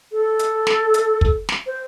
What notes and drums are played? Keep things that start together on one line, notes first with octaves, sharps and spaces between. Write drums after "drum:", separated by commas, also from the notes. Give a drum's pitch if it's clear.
A4
drum: hi-hat
drum: snare
drum: hi-hat
drum: kick
drum: snare
C5